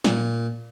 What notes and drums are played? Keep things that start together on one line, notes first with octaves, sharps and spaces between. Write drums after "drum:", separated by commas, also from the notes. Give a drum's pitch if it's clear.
A#2, drum: snare